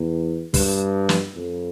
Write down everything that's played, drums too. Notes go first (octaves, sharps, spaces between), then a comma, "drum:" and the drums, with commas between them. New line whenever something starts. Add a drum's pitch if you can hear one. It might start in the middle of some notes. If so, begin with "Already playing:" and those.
Already playing: E2
G2, drum: kick, open hi-hat
drum: snare
F2